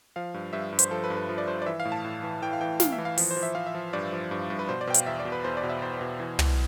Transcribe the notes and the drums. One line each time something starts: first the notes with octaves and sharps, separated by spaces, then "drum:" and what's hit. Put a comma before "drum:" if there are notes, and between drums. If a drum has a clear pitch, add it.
F3 F5
G2
G2 E5
G2
C5, drum: hi-hat
F3 A4
B4
G2
B4
F3
D5
G2 C5
D5
E3 E5
F5
A2
A5
A2
E3
E3 G5
F5
E3 G5
E3 F5, drum: snare
E5
E3
F5
F3, drum: open hi-hat
C5
F3
E5
F3 F5
E5
F3
G2 D5
F3
G2
G2
B4
B2 C5
D5
B2 G5
F5, drum: hi-hat
E2 E5
D5
B2
B4
E2 C5
D5
B2
E5
E2 C5
B2
E3
E3, drum: tom